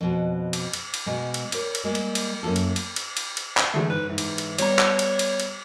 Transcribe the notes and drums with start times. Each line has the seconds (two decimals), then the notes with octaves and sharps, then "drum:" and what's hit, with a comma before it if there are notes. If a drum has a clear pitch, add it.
0.01 F2 B2
0.53 drum: cymbal
0.73 drum: cymbal
0.94 drum: cymbal
1.06 B2 G#3
1.34 drum: cymbal
1.52 A#4 C#5 D5, drum: cymbal
1.75 drum: cymbal
1.84 G3 G#3 A#3
1.95 drum: cymbal
2.15 drum: cymbal
2.43 F#2 A#3 F4 A4
2.56 drum: cymbal
2.76 drum: cymbal
2.96 drum: cymbal
3.17 drum: cymbal
3.37 drum: cymbal
3.57 drum: clap
3.74 D3 E3 G#3 A3
3.90 G#2 B4
4.09 G#2 E3
4.18 drum: cymbal
4.38 drum: cymbal
4.58 G3 B3 C#5 A#5, drum: cymbal
4.79 drum: clap
4.99 drum: cymbal
5.19 drum: cymbal
5.40 drum: cymbal